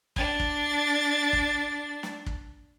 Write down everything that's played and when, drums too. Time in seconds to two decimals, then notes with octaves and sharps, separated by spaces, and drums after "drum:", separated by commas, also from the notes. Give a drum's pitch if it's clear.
0.16 D4 A6, drum: kick
0.40 drum: kick
1.33 drum: kick
2.03 drum: snare
2.26 drum: kick